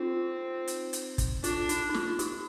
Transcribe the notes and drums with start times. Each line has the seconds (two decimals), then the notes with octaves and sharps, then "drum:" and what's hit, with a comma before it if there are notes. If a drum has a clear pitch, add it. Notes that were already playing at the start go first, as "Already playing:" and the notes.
Already playing: C4 D#4 F4
0.68 drum: hi-hat
0.93 drum: hi-hat
1.18 drum: kick, hi-hat
1.44 D4 F4, drum: hi-hat
1.69 D#4, drum: hi-hat
1.90 D#4
1.94 F4, drum: snare
2.19 D#4 G4, drum: hi-hat